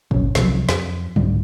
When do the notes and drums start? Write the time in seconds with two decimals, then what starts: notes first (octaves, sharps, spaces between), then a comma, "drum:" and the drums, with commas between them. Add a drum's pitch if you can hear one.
0.11 D1 A#1 F#2 C#4, drum: kick
0.35 C2 C3 F3 F#3, drum: snare
0.69 F2, drum: snare
1.16 C2 G#2 D3, drum: tom